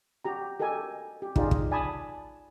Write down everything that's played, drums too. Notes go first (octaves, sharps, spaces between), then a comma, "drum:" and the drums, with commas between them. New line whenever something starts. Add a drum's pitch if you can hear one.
F#4 G4 A#5
G4 A4 A#4 D#5 G#5
G4
D#4 F4 G#4 D5, drum: kick
drum: kick
D5 G#5 A5 B5 D#6